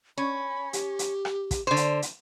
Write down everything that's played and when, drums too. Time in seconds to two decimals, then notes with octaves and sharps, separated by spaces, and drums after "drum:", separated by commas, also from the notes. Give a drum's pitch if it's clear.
0.18 C#4 B5
0.73 G4, drum: hi-hat
0.99 drum: hi-hat
1.25 drum: rim click
1.51 drum: kick, hi-hat
1.67 D3 C5
1.76 drum: hi-hat
2.02 drum: hi-hat